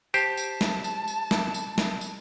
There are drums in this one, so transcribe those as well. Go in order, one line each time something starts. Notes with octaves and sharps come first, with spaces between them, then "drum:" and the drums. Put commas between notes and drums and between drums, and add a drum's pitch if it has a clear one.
G4 C5 A5, drum: tambourine
drum: tambourine
drum: snare
drum: tambourine
drum: tambourine
drum: snare
drum: tambourine
drum: snare
drum: tambourine